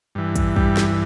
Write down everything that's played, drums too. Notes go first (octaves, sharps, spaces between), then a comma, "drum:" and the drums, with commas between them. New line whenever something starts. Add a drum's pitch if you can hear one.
G2 E3
drum: kick, hi-hat
G3, drum: kick
drum: snare